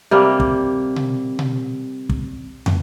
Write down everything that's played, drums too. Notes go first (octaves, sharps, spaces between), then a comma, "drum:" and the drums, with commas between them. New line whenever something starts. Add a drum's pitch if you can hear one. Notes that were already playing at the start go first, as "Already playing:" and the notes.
C3 G3 A#3
drum: kick
drum: tom B2
drum: tom B2
drum: kick
drum: tom